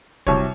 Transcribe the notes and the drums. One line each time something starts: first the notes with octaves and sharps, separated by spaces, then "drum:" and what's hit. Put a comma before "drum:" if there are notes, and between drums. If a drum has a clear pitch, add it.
C2 C3 F#3 C#5, drum: kick